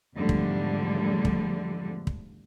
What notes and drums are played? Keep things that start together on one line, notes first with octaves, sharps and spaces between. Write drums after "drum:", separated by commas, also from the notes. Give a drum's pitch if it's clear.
E2 G#2 D3 F3 G3 A3
drum: kick
drum: kick
drum: kick